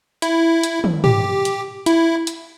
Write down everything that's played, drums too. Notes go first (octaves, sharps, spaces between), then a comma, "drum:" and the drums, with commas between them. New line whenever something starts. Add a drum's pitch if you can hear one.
E4, drum: hi-hat
drum: hi-hat
drum: tom
G4, drum: tom
drum: hi-hat
E4, drum: hi-hat
drum: hi-hat